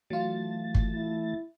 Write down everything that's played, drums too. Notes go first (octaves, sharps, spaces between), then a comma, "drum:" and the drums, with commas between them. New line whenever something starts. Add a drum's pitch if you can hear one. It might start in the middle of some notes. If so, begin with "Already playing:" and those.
E3 F#3 A3 F4 A6
drum: kick G1
E4